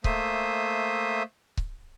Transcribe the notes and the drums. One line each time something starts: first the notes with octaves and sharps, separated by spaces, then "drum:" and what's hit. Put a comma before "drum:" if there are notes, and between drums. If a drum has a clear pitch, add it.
A3 A#3 C5 E5 D#6, drum: kick C#1
drum: kick C#1